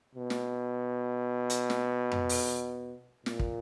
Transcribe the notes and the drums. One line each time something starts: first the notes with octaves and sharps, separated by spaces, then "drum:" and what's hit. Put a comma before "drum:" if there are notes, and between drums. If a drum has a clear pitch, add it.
B2
drum: snare
drum: hi-hat
drum: snare
drum: tom F2
drum: open hi-hat
A#2, drum: snare
drum: kick